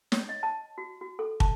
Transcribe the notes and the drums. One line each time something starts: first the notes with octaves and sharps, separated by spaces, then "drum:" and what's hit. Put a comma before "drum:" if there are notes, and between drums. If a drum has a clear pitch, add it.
C#5, drum: snare
D#5
A5
F#4
F#4
A4
A5, drum: kick